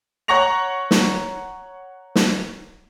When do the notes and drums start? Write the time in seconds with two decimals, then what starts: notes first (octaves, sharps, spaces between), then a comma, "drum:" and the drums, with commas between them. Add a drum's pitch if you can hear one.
0.28 C#5 F#5 A#5 C#6 A#6 F7
0.91 drum: snare
2.15 drum: snare